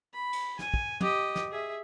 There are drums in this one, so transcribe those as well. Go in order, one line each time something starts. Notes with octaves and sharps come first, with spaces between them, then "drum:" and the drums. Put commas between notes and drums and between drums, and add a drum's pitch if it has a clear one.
B5
drum: cymbal
G#5, drum: snare
drum: kick
G4 D#5, drum: tom
drum: snare
G#4 E5